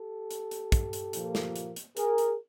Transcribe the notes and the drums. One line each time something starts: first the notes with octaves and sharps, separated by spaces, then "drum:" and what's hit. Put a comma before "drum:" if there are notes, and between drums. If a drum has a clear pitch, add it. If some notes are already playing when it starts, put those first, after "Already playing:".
Already playing: G4 A4
drum: hi-hat
drum: hi-hat
drum: kick, hi-hat
drum: hi-hat
A#2 F3 A#3, drum: hi-hat
drum: snare
drum: hi-hat
drum: hi-hat
G#4 A#4, drum: hi-hat
drum: hi-hat